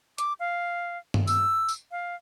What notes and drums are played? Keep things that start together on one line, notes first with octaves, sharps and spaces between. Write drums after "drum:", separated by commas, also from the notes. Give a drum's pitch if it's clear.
D6, drum: hi-hat
F5
drum: tom G2
E6, drum: tambourine
drum: tambourine
F5